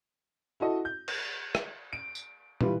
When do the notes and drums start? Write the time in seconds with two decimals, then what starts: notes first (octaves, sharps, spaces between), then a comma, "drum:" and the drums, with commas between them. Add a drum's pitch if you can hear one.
0.60 E4 F#4 A4 D#5
0.85 G6
1.08 drum: cymbal
1.55 drum: rim click
1.93 D7
2.15 drum: tambourine
2.61 E3 G3 F4 B4, drum: tom